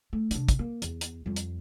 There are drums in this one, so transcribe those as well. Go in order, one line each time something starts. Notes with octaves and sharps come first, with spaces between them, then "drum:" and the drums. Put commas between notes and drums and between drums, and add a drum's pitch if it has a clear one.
A3
C3 D4, drum: hi-hat
drum: kick, hi-hat
A#3
E2, drum: hi-hat
drum: hi-hat
F2 G3
drum: hi-hat